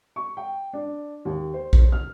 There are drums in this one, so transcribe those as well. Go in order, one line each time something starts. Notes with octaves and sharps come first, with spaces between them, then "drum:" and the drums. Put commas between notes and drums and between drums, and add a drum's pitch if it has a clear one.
C#6
G5
D4
D#2
C5
drum: kick A#1
F6